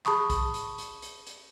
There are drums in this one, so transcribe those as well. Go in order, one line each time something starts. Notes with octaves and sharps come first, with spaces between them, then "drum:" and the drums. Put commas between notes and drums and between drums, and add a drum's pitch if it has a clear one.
G#4 A5 B5 C#6 D#6, drum: clap
drum: kick, hi-hat
drum: hi-hat
drum: hi-hat
drum: hi-hat
drum: hi-hat